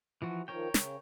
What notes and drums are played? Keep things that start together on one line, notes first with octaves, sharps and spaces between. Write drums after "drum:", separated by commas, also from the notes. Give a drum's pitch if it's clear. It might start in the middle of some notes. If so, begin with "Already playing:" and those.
E3 F3 F#4
D#3 F3 A#4 C#5 G5
C#3, drum: snare